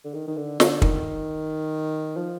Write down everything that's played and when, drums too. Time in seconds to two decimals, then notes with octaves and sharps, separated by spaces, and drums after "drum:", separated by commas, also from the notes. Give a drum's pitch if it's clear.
0.05 D3
0.14 D#3
0.28 D#3
0.37 D3
0.60 D3, drum: snare
0.82 D#3, drum: kick
2.17 F3